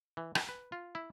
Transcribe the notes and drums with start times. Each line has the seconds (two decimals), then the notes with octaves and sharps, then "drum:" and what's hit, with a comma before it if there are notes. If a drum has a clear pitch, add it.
0.17 E3
0.35 A#4, drum: rim click
0.48 B4
0.72 F4
0.95 E4